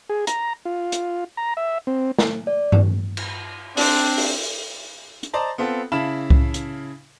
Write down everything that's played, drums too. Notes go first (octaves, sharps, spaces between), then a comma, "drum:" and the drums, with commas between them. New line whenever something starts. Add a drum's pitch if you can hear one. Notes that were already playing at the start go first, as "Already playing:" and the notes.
G#4
A#5, drum: hi-hat
F4
drum: hi-hat
A#5
E5
C4
drum: snare
D5
drum: tom G2
drum: cymbal
C4 D4, drum: open hi-hat
drum: open hi-hat
drum: hi-hat
C5 D5 D#5 A5 A#5
B3 C4 F4 A4
C#3 E4 F5 A5 B5 E7
drum: kick C2
drum: hi-hat